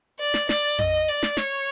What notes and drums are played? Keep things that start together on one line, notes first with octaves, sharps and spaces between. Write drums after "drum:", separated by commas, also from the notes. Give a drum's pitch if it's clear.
D5
drum: snare
D5, drum: snare
D#5, drum: tom F2
D5
drum: snare
C#5, drum: snare